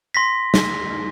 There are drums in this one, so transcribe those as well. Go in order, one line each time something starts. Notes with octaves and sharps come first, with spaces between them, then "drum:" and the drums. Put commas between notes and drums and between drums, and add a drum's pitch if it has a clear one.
C6 A#6 B6
drum: snare